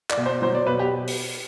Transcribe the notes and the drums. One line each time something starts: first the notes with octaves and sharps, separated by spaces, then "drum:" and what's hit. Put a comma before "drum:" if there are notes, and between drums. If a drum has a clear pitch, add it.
D5, drum: clap
B2
C5
F#3 C5
D5
B2 B4
G4
drum: open hi-hat